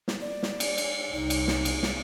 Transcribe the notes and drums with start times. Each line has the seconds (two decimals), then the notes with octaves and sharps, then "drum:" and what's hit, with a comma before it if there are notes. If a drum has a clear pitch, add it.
0.08 drum: snare
0.21 D5
0.43 drum: snare
0.60 drum: cymbal
0.78 drum: cymbal
1.13 C2 D#4
1.30 drum: cymbal
1.48 drum: snare
1.65 drum: cymbal
1.83 drum: snare